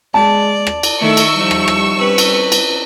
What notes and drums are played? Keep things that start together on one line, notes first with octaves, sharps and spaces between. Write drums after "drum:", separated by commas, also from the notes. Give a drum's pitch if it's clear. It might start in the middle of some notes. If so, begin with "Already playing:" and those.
G#3 D5 A5
drum: rim click
drum: cymbal
D#3 A3 E4 C#6 E6
drum: cymbal
F3 G3 D#4 E4
drum: rim click
drum: rim click
C4 C#4 B4
drum: cymbal
drum: cymbal